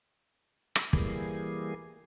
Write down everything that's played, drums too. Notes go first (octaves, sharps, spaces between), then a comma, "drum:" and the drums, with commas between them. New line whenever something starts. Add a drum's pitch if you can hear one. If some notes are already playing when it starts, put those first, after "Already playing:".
drum: rim click
E3 G3 A#3 G#4, drum: kick